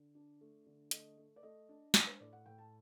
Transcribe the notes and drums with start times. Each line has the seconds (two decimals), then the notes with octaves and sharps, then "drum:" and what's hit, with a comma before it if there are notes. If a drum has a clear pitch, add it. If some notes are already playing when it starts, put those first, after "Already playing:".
Already playing: D3
0.15 D4
0.41 A3
0.66 D3
0.91 A3 D#5, drum: hi-hat
1.17 A3
1.36 D5
1.43 A3 D#5
1.69 D4
1.94 D4 D5, drum: snare
2.07 C5
2.20 A2 D5
2.33 F#5
2.46 A2 G5
2.58 A5